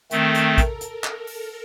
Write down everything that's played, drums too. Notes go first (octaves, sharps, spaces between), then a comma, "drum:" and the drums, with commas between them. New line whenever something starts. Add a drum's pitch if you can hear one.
D#3 A3 C4 A4, drum: hi-hat
drum: hi-hat
A#4
drum: kick, hi-hat
drum: hi-hat
drum: clap
drum: open hi-hat